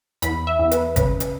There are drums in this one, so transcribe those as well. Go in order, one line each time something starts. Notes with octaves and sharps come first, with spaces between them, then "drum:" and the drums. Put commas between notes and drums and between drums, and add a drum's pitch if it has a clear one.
E2 B5, drum: hi-hat
E5
E2
B4, drum: hi-hat
C#3 B4, drum: kick G1, hi-hat
drum: hi-hat